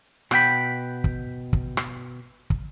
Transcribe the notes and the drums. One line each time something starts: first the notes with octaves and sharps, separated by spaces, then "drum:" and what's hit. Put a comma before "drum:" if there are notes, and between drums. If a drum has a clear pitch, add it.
B2 F#5 G5 B5, drum: rim click
drum: kick
drum: kick
drum: rim click
drum: kick